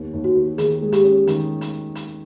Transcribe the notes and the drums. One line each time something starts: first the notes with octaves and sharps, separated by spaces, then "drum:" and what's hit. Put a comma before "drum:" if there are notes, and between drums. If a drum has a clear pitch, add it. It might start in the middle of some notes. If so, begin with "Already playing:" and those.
Already playing: D#2
D#2
F#4
D#2
D#3 G#4, drum: hi-hat
G#3
G4, drum: hi-hat
C#4
D#3, drum: hi-hat
drum: hi-hat
drum: hi-hat